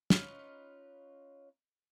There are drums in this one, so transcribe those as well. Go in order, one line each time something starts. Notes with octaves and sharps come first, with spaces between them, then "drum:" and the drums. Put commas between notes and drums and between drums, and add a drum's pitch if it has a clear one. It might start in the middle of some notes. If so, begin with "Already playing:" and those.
C#4 D#4 F4 B4, drum: snare